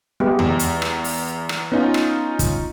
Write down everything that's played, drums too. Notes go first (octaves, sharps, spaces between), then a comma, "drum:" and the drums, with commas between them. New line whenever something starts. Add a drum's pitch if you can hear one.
G#3 B3 G4
E2, drum: tom D#2
drum: hi-hat
drum: rim click
drum: open hi-hat
drum: rim click
B3 C#4 D#4 F4
drum: rim click
drum: kick, hi-hat